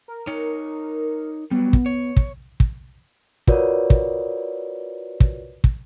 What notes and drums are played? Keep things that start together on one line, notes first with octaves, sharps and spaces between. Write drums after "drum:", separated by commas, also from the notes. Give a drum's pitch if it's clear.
A#4
D#4 C#5
F#3 G3 B3
drum: kick
C#5
drum: kick
drum: kick
F4 F#4 A#4 B4 C#5 D5, drum: kick
drum: kick
drum: kick
drum: kick